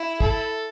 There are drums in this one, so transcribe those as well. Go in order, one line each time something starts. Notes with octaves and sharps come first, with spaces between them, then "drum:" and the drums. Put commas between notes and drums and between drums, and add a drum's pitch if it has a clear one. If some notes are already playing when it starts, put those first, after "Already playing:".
Already playing: E4
A4, drum: kick